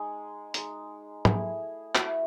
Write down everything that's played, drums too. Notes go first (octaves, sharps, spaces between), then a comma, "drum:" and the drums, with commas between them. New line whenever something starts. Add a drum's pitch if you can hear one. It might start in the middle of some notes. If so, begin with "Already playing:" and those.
Already playing: G#3 D#4 G#4
G#3 D#4, drum: hi-hat
A3 E4 G#4, drum: tom
A3 E4 F#4, drum: clap